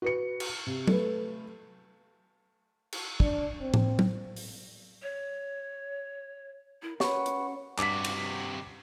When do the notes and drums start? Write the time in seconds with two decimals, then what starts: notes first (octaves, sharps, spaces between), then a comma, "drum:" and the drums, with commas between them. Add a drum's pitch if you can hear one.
0.02 F#4 B4 C#7
0.40 drum: cymbal
0.67 C3
0.88 A3 B4, drum: tom
2.92 drum: cymbal
3.20 D4, drum: kick
3.60 C4
3.74 drum: tom A2
3.99 drum: tom
4.36 drum: open hi-hat
5.02 C#5
6.82 E4 A#4
7.00 C#3 F#3 C#4 B4 C#5 F#5, drum: snare
7.26 drum: hi-hat
7.79 G2 C3 F#4 D6 B6, drum: clap
8.04 drum: cymbal